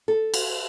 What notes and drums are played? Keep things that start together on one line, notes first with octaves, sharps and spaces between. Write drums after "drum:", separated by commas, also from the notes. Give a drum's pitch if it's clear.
A4
drum: cymbal